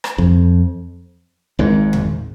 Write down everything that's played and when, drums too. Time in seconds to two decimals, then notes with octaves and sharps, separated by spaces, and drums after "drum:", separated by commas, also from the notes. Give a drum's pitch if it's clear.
0.04 drum: rim click
0.18 F2, drum: kick
1.59 G#1 G#2
1.93 drum: tom